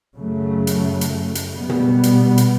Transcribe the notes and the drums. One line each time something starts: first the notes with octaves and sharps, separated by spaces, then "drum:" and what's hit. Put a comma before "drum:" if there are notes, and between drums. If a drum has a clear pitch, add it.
F#2 C#3 F#3 A3
drum: hi-hat
drum: hi-hat
drum: hi-hat
B2 G3 B3
drum: tom
drum: hi-hat
drum: hi-hat